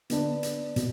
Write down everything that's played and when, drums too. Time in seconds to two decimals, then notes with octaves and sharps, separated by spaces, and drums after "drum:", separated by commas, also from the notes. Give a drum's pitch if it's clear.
0.10 D3 B3 D4, drum: hi-hat
0.43 drum: hi-hat
0.76 B2, drum: hi-hat